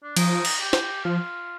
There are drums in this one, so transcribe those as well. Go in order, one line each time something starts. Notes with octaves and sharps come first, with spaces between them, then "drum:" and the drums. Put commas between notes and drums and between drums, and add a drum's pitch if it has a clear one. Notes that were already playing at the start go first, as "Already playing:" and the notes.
D4
F3 D#4, drum: cymbal
drum: cymbal
G4
drum: snare
F3 F4